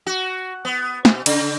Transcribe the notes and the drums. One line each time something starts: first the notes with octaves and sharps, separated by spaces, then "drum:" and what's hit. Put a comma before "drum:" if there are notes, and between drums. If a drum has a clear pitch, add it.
F#4
B3
B2, drum: snare
C#3, drum: cymbal